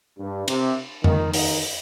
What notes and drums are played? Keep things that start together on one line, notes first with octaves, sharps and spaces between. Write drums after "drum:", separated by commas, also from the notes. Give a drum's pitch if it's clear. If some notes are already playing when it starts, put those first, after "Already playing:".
G2
C3, drum: cymbal
D#3, drum: tom F2
D#3, drum: open hi-hat